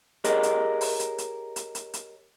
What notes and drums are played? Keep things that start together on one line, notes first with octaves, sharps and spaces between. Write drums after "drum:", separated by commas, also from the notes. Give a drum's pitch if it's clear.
G4 G#4 A#4 C#5 D#5, drum: hi-hat
drum: hi-hat
drum: open hi-hat
drum: hi-hat
drum: hi-hat
drum: hi-hat
drum: hi-hat
drum: hi-hat